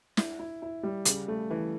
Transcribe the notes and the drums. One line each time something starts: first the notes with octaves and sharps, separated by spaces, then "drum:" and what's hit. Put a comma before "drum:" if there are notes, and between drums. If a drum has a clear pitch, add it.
E4, drum: snare
E4
E4
G3
C#3, drum: hi-hat
A3
E3